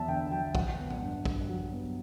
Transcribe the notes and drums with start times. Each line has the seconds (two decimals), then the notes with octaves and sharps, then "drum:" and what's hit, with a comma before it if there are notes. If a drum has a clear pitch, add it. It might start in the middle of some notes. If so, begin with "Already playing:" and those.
Already playing: E2 F#3 B3 E5 A5
0.08 D3 G5
0.31 F#3 G5
0.55 F#3 F#5, drum: kick
0.79 B3
0.90 drum: tom A2
1.02 G2
1.25 G2, drum: kick
1.49 F#3
1.72 B3